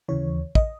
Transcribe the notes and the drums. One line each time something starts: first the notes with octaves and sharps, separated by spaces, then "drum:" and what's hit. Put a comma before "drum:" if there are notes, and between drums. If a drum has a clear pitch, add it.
D#2 C#3 E3 C#5
D#5, drum: kick